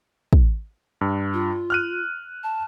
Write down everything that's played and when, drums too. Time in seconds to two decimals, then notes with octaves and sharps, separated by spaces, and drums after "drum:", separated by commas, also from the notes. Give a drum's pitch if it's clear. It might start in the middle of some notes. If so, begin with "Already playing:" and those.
0.33 drum: kick
1.01 G2
1.33 F4
1.70 F6 F#6 D#7
2.43 A5